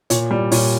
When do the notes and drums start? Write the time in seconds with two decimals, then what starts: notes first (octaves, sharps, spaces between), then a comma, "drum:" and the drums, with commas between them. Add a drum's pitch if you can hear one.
0.10 A#2 C#5, drum: hi-hat
0.31 G3
0.52 A#2 C#5, drum: open hi-hat